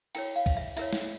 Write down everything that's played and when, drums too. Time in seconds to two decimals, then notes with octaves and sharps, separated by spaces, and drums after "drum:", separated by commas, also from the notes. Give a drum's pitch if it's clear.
0.15 E4 A#4 C#5 G5, drum: cymbal
0.36 F5
0.46 drum: kick C2, cymbal
0.57 E5
0.77 E4 A#4 C#5 E5, drum: cymbal
0.93 drum: snare